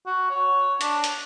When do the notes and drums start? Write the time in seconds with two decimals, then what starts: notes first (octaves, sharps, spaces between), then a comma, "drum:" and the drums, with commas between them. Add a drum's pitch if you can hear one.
0.06 F#4
0.30 C#5
0.81 D4, drum: hi-hat
1.04 drum: hi-hat